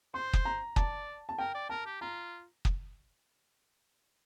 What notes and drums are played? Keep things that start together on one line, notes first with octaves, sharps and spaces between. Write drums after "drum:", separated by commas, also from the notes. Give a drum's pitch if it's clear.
C5 C6
drum: kick
A#5
D5 A5, drum: kick
A5
A#4 G5
D5
A#4 A5
G4
F4 A#5
drum: kick